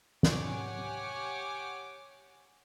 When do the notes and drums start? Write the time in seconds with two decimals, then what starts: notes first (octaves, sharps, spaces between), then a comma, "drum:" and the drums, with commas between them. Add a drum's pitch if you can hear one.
0.23 G4 C#5 F#5 G#5 D6, drum: snare